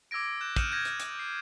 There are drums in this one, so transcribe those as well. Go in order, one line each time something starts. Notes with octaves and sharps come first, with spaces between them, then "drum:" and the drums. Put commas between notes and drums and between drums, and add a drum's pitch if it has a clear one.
D6 E6 G#6 A#6 D7
D7
F#6 G6 E7
D#6 F6 G6 C#7 D#7 E7, drum: kick, hi-hat
F6 G6 G#6 A#6 D7
drum: hi-hat
drum: hi-hat
C7